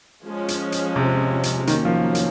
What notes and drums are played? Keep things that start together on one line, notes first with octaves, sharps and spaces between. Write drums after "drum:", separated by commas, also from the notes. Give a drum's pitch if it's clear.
F3 G#3 C#4
drum: hi-hat
drum: hi-hat
C3
drum: hi-hat
D#3 F#3 A#3 C#4, drum: hi-hat
F3
drum: hi-hat